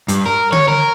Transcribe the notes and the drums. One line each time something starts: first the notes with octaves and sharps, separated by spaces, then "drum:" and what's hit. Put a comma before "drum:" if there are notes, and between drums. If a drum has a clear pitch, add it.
G2, drum: hi-hat
A#4
C#5, drum: tom D3
A#4